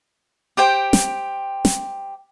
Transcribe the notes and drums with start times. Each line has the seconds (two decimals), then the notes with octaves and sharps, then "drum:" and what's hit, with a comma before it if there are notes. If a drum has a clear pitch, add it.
0.57 G4 C5 G5
0.93 drum: snare
1.65 drum: snare